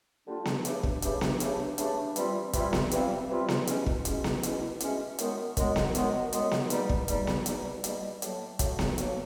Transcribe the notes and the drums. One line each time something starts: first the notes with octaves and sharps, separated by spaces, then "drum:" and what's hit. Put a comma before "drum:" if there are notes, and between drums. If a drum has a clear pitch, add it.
D3 G3 A#3 D4 F4
drum: snare B3
C#3 E3 A3 D4 G4, drum: hi-hat
drum: kick
C#3 E3 A3 D4 G4, drum: hi-hat
drum: snare B3
C#3 E3 A3 D4 G4, drum: hi-hat
C#3 E3 A3 D4 G4, drum: hi-hat
C3 E3 G3 C4 F4, drum: hi-hat
C3 E3 G3 C4 F4, drum: kick, hi-hat
drum: snare B3
C3 E3 G3 C4 F4, drum: hi-hat
C3 E3 G3 C4 F4
drum: snare B3
B2 G#3 C#4 E4, drum: hi-hat
drum: kick
B2 G#3 C#4 E4, drum: hi-hat
drum: snare B3
B2 G#3 C#4 E4, drum: hi-hat
B2 G#3 C#4 E4, drum: hi-hat
F#2 D#3 G#3 B3, drum: hi-hat
F#2 D#3 G#3 B3, drum: kick, hi-hat
drum: snare B3
F#2 D#3 G#3 B3, drum: hi-hat
F#2 D#3 G#3 B3, drum: hi-hat
drum: snare B3
E2 B2 G3 A#3 D#4, drum: hi-hat
drum: kick
E2 B2 G3 A#3 D#4, drum: hi-hat
drum: snare B3
E2 B2 G3 A#3 D#4, drum: hi-hat
E2 B2 G3 A#3 D#4, drum: hi-hat
A2 F#3 A#3, drum: hi-hat
A2 F#3 A#3, drum: kick, hi-hat
drum: snare B3
A2 F#3 A#3, drum: hi-hat